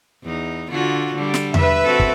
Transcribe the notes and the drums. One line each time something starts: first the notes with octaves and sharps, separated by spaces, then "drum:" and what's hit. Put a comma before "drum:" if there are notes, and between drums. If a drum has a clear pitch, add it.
E2 D#4
D3 F4 F#4
D3 G3
drum: snare
B4 E5, drum: tom E2
C4 F#4 A4
drum: kick